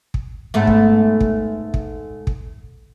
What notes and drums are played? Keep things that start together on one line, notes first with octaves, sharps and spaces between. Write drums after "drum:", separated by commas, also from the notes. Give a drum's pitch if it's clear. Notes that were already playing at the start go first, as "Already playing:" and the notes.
drum: kick
G#2 A3 B3
drum: kick
drum: kick
drum: kick
drum: kick